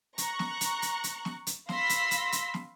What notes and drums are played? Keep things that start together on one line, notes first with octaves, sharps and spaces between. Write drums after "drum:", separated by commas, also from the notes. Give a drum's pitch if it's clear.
A#5 C#6 F#6, drum: hi-hat
drum: snare
drum: hi-hat
drum: hi-hat
drum: hi-hat
drum: snare
drum: hi-hat
F5 B5 C6 E6 A#6 B6, drum: snare
drum: hi-hat
drum: hi-hat
drum: hi-hat
drum: snare